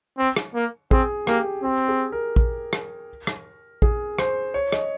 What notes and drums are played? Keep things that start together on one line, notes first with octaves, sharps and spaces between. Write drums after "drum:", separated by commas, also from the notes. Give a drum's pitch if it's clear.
C4
drum: rim click
A#3
C4 G#4, drum: kick
A#3 G4, drum: rim click
C4 G4
G#4
A#4
drum: kick
drum: rim click
drum: rim click
G#4, drum: kick
C5, drum: rim click
C#5
D#5, drum: rim click